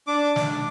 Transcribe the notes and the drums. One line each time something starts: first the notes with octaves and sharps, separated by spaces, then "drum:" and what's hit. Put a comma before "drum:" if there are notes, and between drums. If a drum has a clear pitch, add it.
D4 D6
D4, drum: snare